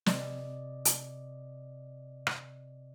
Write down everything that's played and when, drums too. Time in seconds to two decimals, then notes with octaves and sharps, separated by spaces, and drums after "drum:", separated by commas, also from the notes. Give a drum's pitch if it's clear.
0.06 C3 D5 D#5, drum: snare
0.85 drum: hi-hat
2.27 drum: rim click